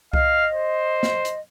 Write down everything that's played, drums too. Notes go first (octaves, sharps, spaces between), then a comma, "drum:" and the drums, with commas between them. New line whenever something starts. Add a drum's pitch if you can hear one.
D#5 F5, drum: kick C2
C5
drum: snare
drum: hi-hat